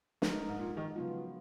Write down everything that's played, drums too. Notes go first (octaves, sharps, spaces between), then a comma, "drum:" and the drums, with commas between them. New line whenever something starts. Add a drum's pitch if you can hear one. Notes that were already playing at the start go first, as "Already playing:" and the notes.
G#3 D#4 A#4, drum: snare
G#2
A#2
D#3
C#3 F3 F#3 B3 F4